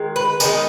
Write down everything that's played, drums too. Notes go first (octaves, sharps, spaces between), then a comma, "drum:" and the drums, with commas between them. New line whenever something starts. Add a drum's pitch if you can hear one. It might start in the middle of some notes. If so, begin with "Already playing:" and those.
Already playing: D#3 G#3
B4
D#3 G#3 B3 D#4 G#4, drum: tambourine